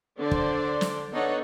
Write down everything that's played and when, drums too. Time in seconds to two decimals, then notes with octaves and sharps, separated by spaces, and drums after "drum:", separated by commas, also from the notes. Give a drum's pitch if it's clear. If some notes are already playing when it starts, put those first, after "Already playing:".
0.18 D3 D4 C5 D5
0.31 drum: kick
0.81 drum: snare
1.12 B3 D4 D#4 A4 C#5 F#5